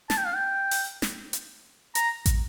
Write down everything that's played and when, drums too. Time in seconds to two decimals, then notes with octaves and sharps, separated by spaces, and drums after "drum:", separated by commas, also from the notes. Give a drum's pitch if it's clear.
0.10 A5, drum: snare
0.18 G5
0.26 F5
0.35 G5
0.71 drum: open hi-hat
1.02 drum: snare
1.33 drum: hi-hat
1.95 A#5, drum: hi-hat
2.26 drum: kick A1, hi-hat